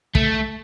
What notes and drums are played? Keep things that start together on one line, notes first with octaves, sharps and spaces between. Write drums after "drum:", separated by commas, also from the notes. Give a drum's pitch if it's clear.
A3, drum: kick